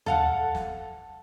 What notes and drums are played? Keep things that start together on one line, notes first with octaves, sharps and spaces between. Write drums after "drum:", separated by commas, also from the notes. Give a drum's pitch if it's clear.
A4 F5 F#5, drum: tom
drum: snare